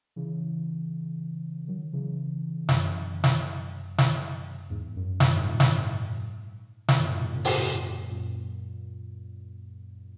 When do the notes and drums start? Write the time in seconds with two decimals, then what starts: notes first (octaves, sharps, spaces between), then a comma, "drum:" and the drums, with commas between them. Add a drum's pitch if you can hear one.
0.16 C#3 E3
1.68 D#3 F#3
1.93 C#3 E3
2.69 F#2, drum: snare
2.94 F#2
3.24 drum: snare
3.98 drum: snare
4.70 E2 G#2
4.96 F#2
5.20 F#2, drum: snare
5.36 G#2
5.46 F#2 A#2
5.60 drum: snare
6.88 B2, drum: snare
6.97 F#2 A#2
7.16 G#2 B2
7.35 A#2 C#3
7.45 drum: open hi-hat
7.54 G#2 B2
7.73 F#2 A#2
8.11 F#2 A#2